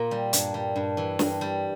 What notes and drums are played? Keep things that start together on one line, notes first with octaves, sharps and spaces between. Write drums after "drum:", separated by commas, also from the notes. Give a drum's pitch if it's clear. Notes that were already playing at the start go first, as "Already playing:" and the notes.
Already playing: A#2 A#3 F4
G3
G2, drum: hi-hat
G3
G2
E3
G2, drum: snare
G3